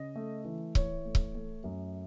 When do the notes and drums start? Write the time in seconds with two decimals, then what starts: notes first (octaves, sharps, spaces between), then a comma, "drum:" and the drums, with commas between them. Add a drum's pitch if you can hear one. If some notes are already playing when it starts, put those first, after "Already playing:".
Already playing: C#3 D#5
0.16 A3
0.45 E3
0.75 E3 C#5, drum: kick C#1
1.05 A3
1.15 drum: kick C#1
1.35 A3
1.64 F#2